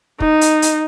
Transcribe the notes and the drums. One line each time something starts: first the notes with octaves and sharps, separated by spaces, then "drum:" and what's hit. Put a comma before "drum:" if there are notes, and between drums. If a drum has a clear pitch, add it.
D#4, drum: kick
drum: hi-hat
drum: hi-hat